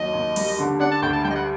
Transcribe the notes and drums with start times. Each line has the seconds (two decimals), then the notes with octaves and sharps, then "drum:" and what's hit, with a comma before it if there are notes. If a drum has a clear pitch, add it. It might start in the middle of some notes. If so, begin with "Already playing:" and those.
Already playing: D#2 F#3 D#5
0.13 D#2
0.36 G3, drum: open hi-hat
0.59 D3
0.80 D4 F#5
0.92 A5
1.02 D2 G5
1.13 A5
1.24 G3 G5
1.31 D#5
1.35 F#5